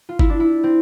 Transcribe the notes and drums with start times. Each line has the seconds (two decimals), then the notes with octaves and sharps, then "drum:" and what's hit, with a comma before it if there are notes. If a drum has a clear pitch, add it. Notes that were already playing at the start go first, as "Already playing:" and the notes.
0.09 F4
0.19 E4, drum: kick
0.29 D4
0.40 E4
0.64 C4